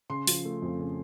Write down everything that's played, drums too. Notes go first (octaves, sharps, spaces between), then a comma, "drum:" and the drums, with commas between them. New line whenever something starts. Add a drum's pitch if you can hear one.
C#3 C6
F3, drum: open hi-hat
A3
F2
C#3